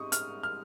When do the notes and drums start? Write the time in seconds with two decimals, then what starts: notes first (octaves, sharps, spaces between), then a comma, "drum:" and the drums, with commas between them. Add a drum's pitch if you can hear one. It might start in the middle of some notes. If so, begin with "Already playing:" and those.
Already playing: G#2 G3 C4 D#4 C#6 D#6
0.12 F6, drum: hi-hat
0.43 F6